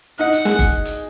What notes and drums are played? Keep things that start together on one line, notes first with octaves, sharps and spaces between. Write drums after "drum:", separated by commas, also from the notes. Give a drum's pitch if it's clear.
D#4 F#5
drum: hi-hat
G#4, drum: snare
drum: kick G1, hi-hat
drum: hi-hat